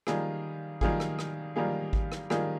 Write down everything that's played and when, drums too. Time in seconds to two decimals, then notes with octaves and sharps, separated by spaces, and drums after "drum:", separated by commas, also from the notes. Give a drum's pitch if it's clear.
0.07 D#3 G3 A#3 F4 G#4, drum: rim click
0.81 D#3 G3 A#3 F4 G#4, drum: kick G#1
1.00 drum: rim click
1.19 drum: rim click
1.56 D#3 G3 A#3 F4 G#4
1.93 drum: kick G#1
2.12 drum: rim click
2.30 D#3 G3 A#3 F4 G#4, drum: rim click